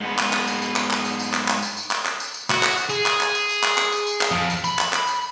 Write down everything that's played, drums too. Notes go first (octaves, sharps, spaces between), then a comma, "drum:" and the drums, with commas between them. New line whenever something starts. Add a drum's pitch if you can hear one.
G#2 B3
drum: clap
drum: clap
drum: tambourine
drum: tambourine
drum: clap
drum: clap
drum: tambourine
drum: tambourine
drum: clap
drum: clap
drum: tambourine
drum: tambourine
drum: clap
drum: clap
drum: tambourine
drum: tambourine
F#4, drum: clap
drum: clap
drum: tambourine
G#4, drum: tambourine
drum: clap
drum: clap
drum: tambourine
drum: tambourine
drum: clap
drum: clap
drum: tambourine
drum: tambourine
drum: clap
F2
drum: tambourine
B5, drum: tambourine
drum: clap
drum: clap
drum: tambourine